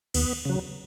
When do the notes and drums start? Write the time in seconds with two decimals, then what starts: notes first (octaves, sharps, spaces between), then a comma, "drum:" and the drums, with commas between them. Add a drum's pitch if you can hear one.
0.14 D#2 B3, drum: cymbal
0.45 C#3 F#3